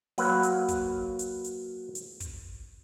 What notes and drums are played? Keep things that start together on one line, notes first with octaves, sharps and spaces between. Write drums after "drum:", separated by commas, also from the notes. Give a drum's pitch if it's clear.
F#3 A#3 B4, drum: open hi-hat
drum: hi-hat
drum: kick, hi-hat
drum: hi-hat
drum: hi-hat
drum: hi-hat
drum: kick, hi-hat